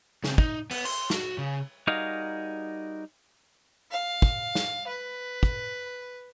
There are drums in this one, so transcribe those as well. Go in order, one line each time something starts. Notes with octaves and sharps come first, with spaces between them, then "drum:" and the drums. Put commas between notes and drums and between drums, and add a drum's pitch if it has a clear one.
C#3 C4, drum: snare
D#4, drum: kick
B3, drum: cymbal
C6, drum: cymbal
F#4, drum: snare
C#3
G3 D#4 F#4 G#4 A#4 F5
F5
drum: kick
drum: snare
B4
drum: kick